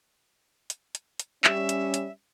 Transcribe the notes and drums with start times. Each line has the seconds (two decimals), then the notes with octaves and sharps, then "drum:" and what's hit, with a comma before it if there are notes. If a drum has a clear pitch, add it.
0.70 drum: hi-hat
0.95 drum: hi-hat
1.20 drum: hi-hat
1.44 G3 C#4 E5, drum: clap
1.69 drum: hi-hat
1.94 drum: hi-hat